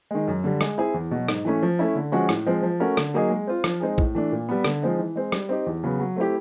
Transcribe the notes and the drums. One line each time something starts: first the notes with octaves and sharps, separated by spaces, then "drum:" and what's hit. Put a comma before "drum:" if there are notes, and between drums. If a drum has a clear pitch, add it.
D#3 G#3
F#2
D3 G3
G#3, drum: rim click
C4 E4 G#4
E2
B2 F#3
G#2, drum: rim click
E3 A3 C#4
F3
A3 C#4 E4
D3
F3 G#3 C#4 F#4
A2, drum: rim click
F3 G#3 C4
F3
A3 C#4 F#4 A#4
D3, drum: rim click
F#3 A#3 D#4 G#4
G#3
C4 F4
F3, drum: rim click
G#3 C4 D#4 G#4
A2, drum: kick
E3 A3 D4
A#2
G3 B3
D3, drum: rim click
F3 G#3 C4 D#4
E3
G#3 C4
G3, drum: rim click
C4 D#4 G4
E2
C#3 F#3 B3
F#3
A3 C4 E4 G4